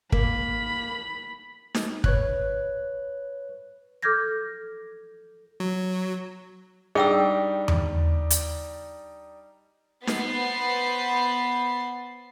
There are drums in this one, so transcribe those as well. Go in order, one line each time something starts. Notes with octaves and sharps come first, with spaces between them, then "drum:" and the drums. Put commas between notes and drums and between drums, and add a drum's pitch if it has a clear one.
A#3 B5, drum: kick
drum: snare D#4
B4 C#5 F#6, drum: kick
A4 D6 F6 G6 G#6 A#6
F#3
G3 D4 D#4 G#4 G5 E6
drum: tom E2
drum: hi-hat
B3 C5 B5 A6 C7, drum: snare D#4